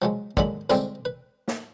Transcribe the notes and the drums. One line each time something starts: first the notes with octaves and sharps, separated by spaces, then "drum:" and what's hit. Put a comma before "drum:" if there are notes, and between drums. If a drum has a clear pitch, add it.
F3 F#3 G#3
D#2 D3 F#3 G#3 B5, drum: kick
D2 A2 D3 G3 G#3 C4, drum: tambourine
B4
drum: snare